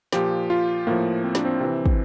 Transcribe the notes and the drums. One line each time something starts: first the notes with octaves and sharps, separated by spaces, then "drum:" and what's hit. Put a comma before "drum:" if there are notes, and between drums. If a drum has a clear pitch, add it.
A#2 F3 G4, drum: snare
F4
A2 F3 A#3
C4
D4, drum: snare
C4
C3 E3
drum: kick